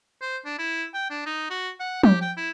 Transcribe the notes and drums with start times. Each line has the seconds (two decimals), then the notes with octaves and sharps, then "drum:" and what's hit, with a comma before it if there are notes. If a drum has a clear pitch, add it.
0.22 C5
0.45 D4
0.59 E4
0.94 G5
1.10 D4
1.26 D#4
1.50 F#4
1.80 F#5
2.03 G4, drum: tom F3
2.21 G5
2.37 E4